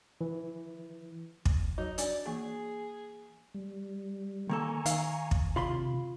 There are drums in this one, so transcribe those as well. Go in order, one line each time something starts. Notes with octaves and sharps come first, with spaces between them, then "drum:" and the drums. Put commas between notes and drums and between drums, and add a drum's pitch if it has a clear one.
E3
drum: kick
F#3 D#4 F#4 C#5
D4 D5 G#5, drum: hi-hat
E3 A#3 G#4 G#5
G3
D#3 A#3 A4 G#5 A#5 C#6
D#3 F5, drum: hi-hat
drum: kick
C3 F4 B5 C6